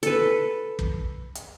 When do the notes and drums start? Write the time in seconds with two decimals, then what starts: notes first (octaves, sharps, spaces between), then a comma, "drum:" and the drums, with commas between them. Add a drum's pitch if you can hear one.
0.03 A4 B4, drum: hi-hat
0.79 drum: kick
1.35 drum: hi-hat